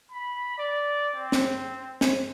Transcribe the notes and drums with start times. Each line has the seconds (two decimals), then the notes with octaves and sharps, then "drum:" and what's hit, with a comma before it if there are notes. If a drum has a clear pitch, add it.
0.12 B5
0.58 D5
1.15 C4
1.32 drum: snare
2.01 drum: snare